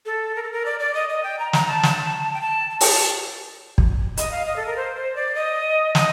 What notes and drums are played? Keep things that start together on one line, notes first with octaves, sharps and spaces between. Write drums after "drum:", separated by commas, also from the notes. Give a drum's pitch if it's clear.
A4
A#4
A4
A#4
D5
D5
D#5
D#5
G5
A#5
A#5, drum: snare
A5
drum: snare
G5
A5
A5
G5, drum: open hi-hat
A5
drum: kick
D#5, drum: hi-hat
F5
D#5
A4
A#4
C5
C5
D5
D#5
D#5, drum: snare